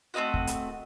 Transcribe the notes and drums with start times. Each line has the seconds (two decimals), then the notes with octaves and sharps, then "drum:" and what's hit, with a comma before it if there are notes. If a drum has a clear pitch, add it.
0.14 A3 C4 D#4 F#4 D#5
0.34 drum: kick
0.47 drum: hi-hat